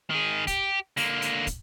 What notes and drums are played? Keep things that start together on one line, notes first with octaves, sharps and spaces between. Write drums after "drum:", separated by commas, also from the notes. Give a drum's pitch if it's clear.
D#3 G#4
G4, drum: kick, hi-hat
D3 A#3, drum: open hi-hat
drum: hi-hat
drum: kick, hi-hat